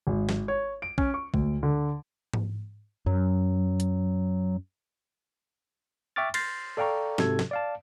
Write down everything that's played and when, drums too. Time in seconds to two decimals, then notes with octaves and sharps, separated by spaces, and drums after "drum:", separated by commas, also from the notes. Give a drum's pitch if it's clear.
0.07 G#1
0.29 drum: snare
0.48 C#5
0.82 D7
0.98 C#4, drum: kick
1.14 C#6
1.34 D2, drum: kick
1.63 D3
2.33 drum: tom G#2
3.06 F#2 F#3
3.80 drum: hi-hat
6.16 E5 G5 C#6 D6 F6 A6
6.34 C6 F6 G6 A6 A#6 C7, drum: cymbal
6.77 A4 D5 F5 G5 A#5 C#6
7.18 G#2 C3 F#4 A4 G#6, drum: snare
7.39 drum: snare
7.51 D5 F5 A5